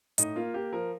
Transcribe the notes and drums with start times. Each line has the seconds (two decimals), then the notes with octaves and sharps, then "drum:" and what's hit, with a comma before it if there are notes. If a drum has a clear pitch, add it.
0.18 A2 D#4, drum: hi-hat
0.36 A#3 F4
0.54 A#3 G4
0.73 F3 A#4